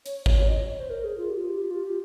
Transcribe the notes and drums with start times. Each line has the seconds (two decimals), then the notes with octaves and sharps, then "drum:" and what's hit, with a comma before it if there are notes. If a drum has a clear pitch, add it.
0.06 C#5, drum: hi-hat
0.26 C#5, drum: kick G#1
0.48 D#5
0.58 C#5
0.69 C#5
0.80 C5
0.90 A#4
1.04 G#4
1.18 F4
1.31 G4
1.44 F4
1.57 G4
1.71 F4
1.84 G4